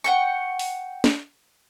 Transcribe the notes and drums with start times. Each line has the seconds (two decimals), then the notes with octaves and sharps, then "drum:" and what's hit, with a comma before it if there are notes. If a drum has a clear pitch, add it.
0.04 F#5 G5 C#6
0.59 drum: open hi-hat
1.04 drum: snare